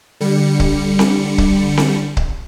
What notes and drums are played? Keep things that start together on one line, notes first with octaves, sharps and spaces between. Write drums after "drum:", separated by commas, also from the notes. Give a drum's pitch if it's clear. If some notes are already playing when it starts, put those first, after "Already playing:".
D3 G3 C#7
drum: kick C#1
drum: snare C4
drum: kick C#1
drum: snare C4
drum: kick C#1